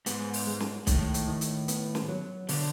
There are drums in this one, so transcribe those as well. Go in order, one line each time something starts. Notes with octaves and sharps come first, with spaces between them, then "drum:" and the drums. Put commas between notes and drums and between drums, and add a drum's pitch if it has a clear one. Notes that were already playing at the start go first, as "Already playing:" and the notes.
G#2 B3, drum: hi-hat
drum: open hi-hat
G#3
drum: snare
A2 D#3, drum: kick B1, hi-hat
drum: hi-hat
D#3
drum: hi-hat
B3, drum: hi-hat
drum: snare
F#3
B2 D3, drum: open hi-hat